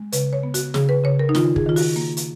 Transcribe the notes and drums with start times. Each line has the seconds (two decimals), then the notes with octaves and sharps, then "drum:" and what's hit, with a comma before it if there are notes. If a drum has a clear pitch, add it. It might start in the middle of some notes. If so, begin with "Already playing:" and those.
Already playing: G#3
0.12 C#3 B4, drum: hi-hat
0.33 C#5
0.43 B3
0.54 F#4, drum: hi-hat
0.74 C#3 G#4, drum: snare
0.89 B4
1.04 C#3 C#5
1.19 A#4
1.29 D#4
1.35 D#3 F4, drum: snare
1.56 G#4, drum: kick
1.66 D#3 F4
1.76 F#4, drum: open hi-hat
1.96 A#3
2.17 drum: hi-hat